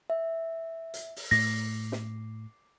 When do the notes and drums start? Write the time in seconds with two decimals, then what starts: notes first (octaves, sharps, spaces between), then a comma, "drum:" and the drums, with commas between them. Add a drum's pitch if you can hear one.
0.10 E5
0.94 drum: hi-hat
1.16 drum: open hi-hat
1.31 A2 A3 D6 A#6 C7, drum: open hi-hat
1.92 drum: snare